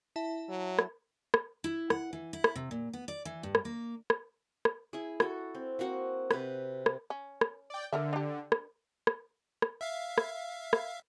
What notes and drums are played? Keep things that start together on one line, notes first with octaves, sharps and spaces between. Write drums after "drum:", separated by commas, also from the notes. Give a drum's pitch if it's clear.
E4 E5 A5
F#3
drum: rim click
drum: rim click
E4
F#5, drum: rim click
E3
E4
drum: rim click
C3
A#2
B3
D5
E3
G2
drum: rim click
A#3
drum: rim click
drum: rim click
E4 G#4
F#4 A4, drum: rim click
C4
A#3 C4 F#4 F#5
C3 B4, drum: rim click
drum: rim click
C#4
drum: rim click
D5 G5
D3 A4 A#4 E5
D4 G4
drum: rim click
drum: rim click
drum: rim click
E5 F5
drum: rim click
drum: rim click